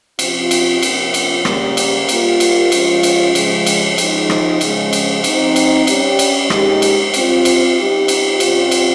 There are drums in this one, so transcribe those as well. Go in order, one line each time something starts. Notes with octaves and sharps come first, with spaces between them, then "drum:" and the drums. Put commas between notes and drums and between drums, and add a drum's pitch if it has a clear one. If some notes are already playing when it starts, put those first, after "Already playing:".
C3 F3 C4 F4, drum: cymbal
drum: cymbal
C3 F3 A#3 F4, drum: cymbal
drum: cymbal
C#3 G3 A#3, drum: rim click
drum: cymbal
G3 A#3 F4, drum: cymbal
drum: cymbal
F3 G#3 C#4 F4, drum: cymbal
drum: cymbal
C#3 F3 G#3, drum: cymbal
drum: cymbal
F3 G#3 D#4, drum: cymbal
drum: rim click
C#3 F3 G#3, drum: cymbal
drum: cymbal
F3 C4 D#4, drum: cymbal
drum: cymbal
G3 C#4 G4, drum: cymbal
drum: cymbal
A#2 G#3 D#4 G4, drum: rim click
drum: cymbal
G3 C4 F4, drum: cymbal
drum: cymbal
G3 C4 D#4 G4
drum: cymbal
C3 G3 C4 F4, drum: cymbal
drum: cymbal